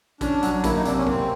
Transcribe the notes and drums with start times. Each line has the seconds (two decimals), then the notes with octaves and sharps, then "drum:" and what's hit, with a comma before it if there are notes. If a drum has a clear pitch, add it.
0.21 C#4 D4, drum: kick A1, hi-hat
0.43 F#3, drum: hi-hat
0.64 A#3 E4, drum: kick A1, hi-hat
0.74 D#4
0.85 C3 D4, drum: hi-hat
0.96 C#4
1.07 A#3 C4, drum: kick A1